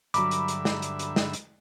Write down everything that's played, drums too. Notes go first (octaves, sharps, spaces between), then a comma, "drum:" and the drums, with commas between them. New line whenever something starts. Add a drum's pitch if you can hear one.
G2 D3 F#3 E5 A#5 B5 D6, drum: hi-hat
drum: hi-hat
drum: hi-hat
drum: snare
drum: hi-hat
drum: hi-hat
drum: snare
drum: hi-hat